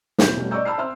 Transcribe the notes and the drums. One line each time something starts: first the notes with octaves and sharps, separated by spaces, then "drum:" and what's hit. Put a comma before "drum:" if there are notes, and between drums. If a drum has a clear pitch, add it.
E1 F#3 E4 G6, drum: snare
B2 G3 A3 C#4 F#4
D5 D#5 C#6 D6 E6 G6
A5 B5 E6 F6 C7
C4 E5 C6 E6 F6